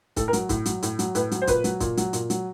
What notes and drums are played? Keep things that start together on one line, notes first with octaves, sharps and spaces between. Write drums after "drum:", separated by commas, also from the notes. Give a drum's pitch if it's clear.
A2 A4, drum: kick, hi-hat
A#4
F#3, drum: hi-hat
A2, drum: kick, hi-hat
F#3, drum: hi-hat
A2, drum: hi-hat
F#3, drum: hi-hat
A2 B4, drum: hi-hat
F#3, drum: hi-hat
C5
A#2 B4, drum: kick, hi-hat
F#3, drum: hi-hat
A#2, drum: kick, hi-hat
F#3, drum: hi-hat
A#2, drum: hi-hat
F#3, drum: hi-hat